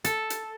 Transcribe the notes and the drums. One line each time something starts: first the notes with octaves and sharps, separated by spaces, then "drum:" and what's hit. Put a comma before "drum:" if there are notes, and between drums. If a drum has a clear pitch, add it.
A4, drum: hi-hat
drum: hi-hat